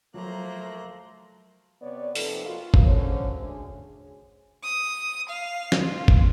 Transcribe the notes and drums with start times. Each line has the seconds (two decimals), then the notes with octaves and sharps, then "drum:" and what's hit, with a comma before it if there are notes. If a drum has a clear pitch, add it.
0.14 F3 F#3 A3 A#3 C5 A#5 F#6
1.81 C3 B3 C#5 D5
2.15 C3 F3 A#3 D#4 A4 B4, drum: open hi-hat
2.46 F4 F#4 A#4
2.74 drum: kick
2.86 D3 G#3 C#4 C5 C#5
3.39 D2 G#4
4.64 D#6
5.29 F5
5.72 drum: snare
5.82 F4
6.08 drum: kick